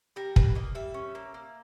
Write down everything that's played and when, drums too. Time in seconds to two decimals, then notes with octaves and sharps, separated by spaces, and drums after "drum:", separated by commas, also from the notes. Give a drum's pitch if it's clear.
0.16 G3 A#4
0.36 A#3 B4, drum: kick
0.55 A#3 D#5
0.75 G3 E5
0.94 C#4
1.15 A#3
1.34 A#3